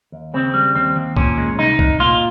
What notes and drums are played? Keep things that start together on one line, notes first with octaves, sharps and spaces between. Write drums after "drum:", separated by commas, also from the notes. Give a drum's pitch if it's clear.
D#2
C#3 C4
G3
D#2 C4
D#2
A#2 C#4, drum: kick
G#3
C2 D#4
C2, drum: kick
A#2 F4